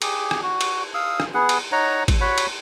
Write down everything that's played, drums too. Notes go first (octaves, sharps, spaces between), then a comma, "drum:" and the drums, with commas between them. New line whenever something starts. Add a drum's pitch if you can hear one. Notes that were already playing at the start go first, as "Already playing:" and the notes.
G4 G#4, drum: cymbal
drum: rim click
F#4
drum: cymbal
F5 D#6 E6
drum: rim click
B3 G#4 F#5
drum: cymbal
D#4 C#5 F#5 A#5
drum: kick G#1, cymbal
F#4 C#5 F#5 B5
drum: cymbal